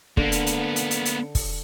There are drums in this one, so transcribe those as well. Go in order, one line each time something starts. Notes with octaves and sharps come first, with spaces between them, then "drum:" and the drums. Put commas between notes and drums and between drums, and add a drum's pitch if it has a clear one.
D3 A#3 B3, drum: kick
drum: hi-hat
drum: hi-hat
drum: hi-hat
drum: hi-hat
drum: hi-hat
drum: kick, open hi-hat